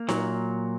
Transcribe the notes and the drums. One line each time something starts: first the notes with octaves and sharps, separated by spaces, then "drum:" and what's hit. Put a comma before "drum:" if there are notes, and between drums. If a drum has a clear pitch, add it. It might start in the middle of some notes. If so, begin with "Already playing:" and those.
Already playing: A#3
A#2 F#3, drum: snare D#4